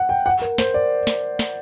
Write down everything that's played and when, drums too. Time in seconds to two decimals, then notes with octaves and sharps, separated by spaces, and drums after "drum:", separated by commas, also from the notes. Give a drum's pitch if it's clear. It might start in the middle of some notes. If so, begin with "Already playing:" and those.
Already playing: F#5
0.09 G5
0.26 F#5
0.42 A#4
0.58 C5, drum: snare
0.74 D5
1.07 drum: snare
1.39 drum: snare